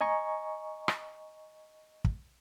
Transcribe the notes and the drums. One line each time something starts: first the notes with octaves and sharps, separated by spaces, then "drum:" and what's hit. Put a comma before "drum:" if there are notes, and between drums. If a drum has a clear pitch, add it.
D#5 G#5 A#5 C#6
drum: rim click
drum: kick